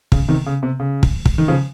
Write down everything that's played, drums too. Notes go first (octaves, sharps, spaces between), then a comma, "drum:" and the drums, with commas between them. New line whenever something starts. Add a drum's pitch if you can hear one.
C#3, drum: kick
C3 D#3
C#3
C3
C#3
drum: kick
drum: kick
D#3
C#3 F3